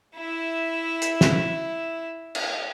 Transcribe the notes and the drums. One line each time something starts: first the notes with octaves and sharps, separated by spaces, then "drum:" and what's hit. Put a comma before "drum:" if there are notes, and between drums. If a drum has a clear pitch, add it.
E4 E5
drum: hi-hat
drum: snare
drum: cymbal